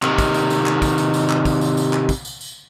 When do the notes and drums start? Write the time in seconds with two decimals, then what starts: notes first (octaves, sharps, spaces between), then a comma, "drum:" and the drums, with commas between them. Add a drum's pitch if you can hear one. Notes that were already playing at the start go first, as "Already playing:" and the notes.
0.03 C3 D#3, drum: clap
0.18 drum: kick, tambourine
0.34 drum: tambourine
0.50 drum: tambourine
0.66 drum: clap
0.82 drum: kick, tambourine
0.98 drum: tambourine
1.14 drum: tambourine
1.30 drum: clap
1.45 drum: kick, tambourine
1.61 drum: tambourine
1.77 drum: tambourine
1.93 drum: clap
2.09 drum: kick, tambourine
2.25 drum: tambourine
2.41 drum: tambourine